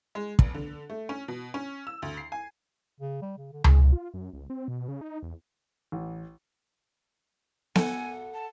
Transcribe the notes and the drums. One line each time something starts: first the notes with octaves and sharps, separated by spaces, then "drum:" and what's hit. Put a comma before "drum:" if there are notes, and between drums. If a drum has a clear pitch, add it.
G#3
F1, drum: kick
D3
A3
C#4
B2
C#4
E6
D2
C7
G#5
C#3
G3
C#3
D3
G#4, drum: tom C#2
F4
F#2
C#2
C4
B2
C#3
D#4
E2
A1
A4 F#5 G#5, drum: snare B3
A5